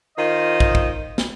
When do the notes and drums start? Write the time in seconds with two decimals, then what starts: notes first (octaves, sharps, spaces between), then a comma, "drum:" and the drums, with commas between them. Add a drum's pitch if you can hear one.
0.17 D#3 F4 C5 D#5
0.60 drum: kick
0.75 drum: kick
1.18 drum: snare